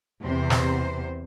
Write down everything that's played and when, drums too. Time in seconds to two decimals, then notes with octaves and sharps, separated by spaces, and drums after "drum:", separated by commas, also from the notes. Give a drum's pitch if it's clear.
0.23 E2 C3 C5
0.50 drum: snare